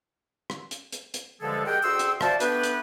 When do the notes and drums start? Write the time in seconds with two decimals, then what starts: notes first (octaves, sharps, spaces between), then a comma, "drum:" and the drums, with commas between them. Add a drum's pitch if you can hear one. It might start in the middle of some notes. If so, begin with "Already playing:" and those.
0.50 drum: rim click
0.71 drum: hi-hat
0.92 drum: hi-hat
1.14 drum: hi-hat
1.41 G2 D3 F3 G#3 G#4 A4
1.66 G4 G#4 A#4 D#5 F#5 G5
1.83 D2 F#4 G#4 G5 C6 E6
1.99 drum: hi-hat
2.21 E4 F#4 C5 D5 F5 A5, drum: rim click
2.40 A3 B3 D4 F#4 G4 B4, drum: hi-hat
2.63 drum: hi-hat